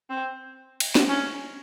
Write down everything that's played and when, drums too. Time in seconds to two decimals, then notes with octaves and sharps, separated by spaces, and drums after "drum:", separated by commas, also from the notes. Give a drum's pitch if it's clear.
0.10 C4
0.80 drum: cymbal
0.95 drum: snare
1.09 C#4